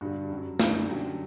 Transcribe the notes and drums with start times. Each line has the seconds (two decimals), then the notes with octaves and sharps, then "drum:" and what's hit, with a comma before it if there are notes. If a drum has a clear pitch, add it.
0.01 G2 D3 G3 F#4
0.30 F#2 F#3
0.59 F#2 D3 G3 D#4, drum: snare
0.74 D#4
0.89 F#2 D3 F#3 G4